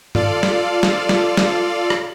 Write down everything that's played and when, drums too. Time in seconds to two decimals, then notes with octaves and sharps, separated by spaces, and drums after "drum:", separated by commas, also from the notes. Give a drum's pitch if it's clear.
0.15 F4 A4 D5 F5, drum: tom G2
0.43 drum: snare
0.83 drum: snare
1.09 drum: snare
1.37 drum: snare
1.90 drum: rim click